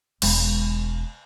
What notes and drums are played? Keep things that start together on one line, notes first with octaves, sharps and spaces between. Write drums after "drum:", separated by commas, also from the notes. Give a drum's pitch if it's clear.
E1 G#3, drum: cymbal